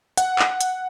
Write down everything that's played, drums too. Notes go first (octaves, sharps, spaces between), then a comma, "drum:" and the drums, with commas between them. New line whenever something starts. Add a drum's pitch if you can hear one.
F#5, drum: hi-hat
drum: clap
drum: hi-hat